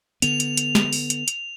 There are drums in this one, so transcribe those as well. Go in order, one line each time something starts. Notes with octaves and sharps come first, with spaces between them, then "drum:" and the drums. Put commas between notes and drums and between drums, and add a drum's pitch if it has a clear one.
D3 B3 F7, drum: hi-hat
drum: hi-hat
drum: hi-hat
drum: snare
drum: open hi-hat
drum: hi-hat
drum: hi-hat